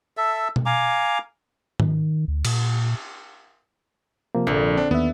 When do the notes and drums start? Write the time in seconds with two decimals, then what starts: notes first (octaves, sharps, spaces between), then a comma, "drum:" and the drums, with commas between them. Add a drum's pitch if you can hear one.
0.17 A4 E5
0.56 drum: tom B2
0.66 F5 G#5 A#5 D6
1.80 D#3, drum: tom G#2
2.28 D2
2.45 A#2, drum: cymbal
4.35 C3 F3 A#3
4.47 A#1 D3
4.77 C4 D4
4.91 D#2 B3 E5